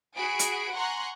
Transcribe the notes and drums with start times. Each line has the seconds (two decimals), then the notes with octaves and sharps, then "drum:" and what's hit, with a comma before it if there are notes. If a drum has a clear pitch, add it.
0.14 F#4 G#4 G#5 B5 D7
0.39 drum: hi-hat
0.74 F#5 G#5 A#5 C6 C#6 F#6